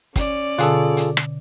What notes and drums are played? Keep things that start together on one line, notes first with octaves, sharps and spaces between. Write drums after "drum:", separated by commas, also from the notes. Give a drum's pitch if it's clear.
C#4 D5, drum: kick, hi-hat
B2 D3 F4 G#4 A4, drum: hi-hat
drum: hi-hat
drum: rim click